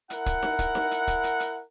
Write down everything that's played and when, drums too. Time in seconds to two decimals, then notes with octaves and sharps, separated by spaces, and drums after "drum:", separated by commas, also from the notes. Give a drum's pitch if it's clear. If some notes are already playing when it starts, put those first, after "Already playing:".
0.10 E4 A#4 F#5, drum: hi-hat
0.26 drum: kick, hi-hat
0.43 drum: snare D#4
0.59 drum: kick, hi-hat
0.75 drum: snare D#4
0.91 drum: hi-hat
1.08 drum: kick, hi-hat
1.24 drum: hi-hat
1.40 drum: hi-hat